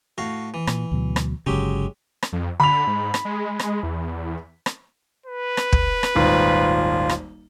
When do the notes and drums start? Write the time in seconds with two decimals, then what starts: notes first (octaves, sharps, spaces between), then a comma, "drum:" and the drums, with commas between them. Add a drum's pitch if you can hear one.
0.18 A2 F#4 F5
0.54 E3
0.67 A#2, drum: rim click
0.92 D2 B2 F#3
1.16 drum: rim click
1.46 G1 C#3 F#3 G#3 G4
2.23 drum: rim click
2.32 F2
2.60 D3 B5 F7
2.87 G#2
3.14 drum: rim click
3.25 G#3
3.59 drum: rim click
3.83 E2
4.66 drum: rim click
5.26 B4
5.57 drum: rim click
5.72 drum: kick
6.03 drum: rim click
6.15 D#1 G#1 F4
7.09 drum: rim click